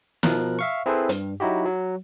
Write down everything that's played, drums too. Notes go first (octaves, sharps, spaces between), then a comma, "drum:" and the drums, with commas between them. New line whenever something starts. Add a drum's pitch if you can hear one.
B2 F3 A#4 F#6, drum: snare
E5 F5 C#6
C4 E4 G#4 A4 B4 C5
G2, drum: hi-hat
F#3 D#4 E4 F#4 G4
F#3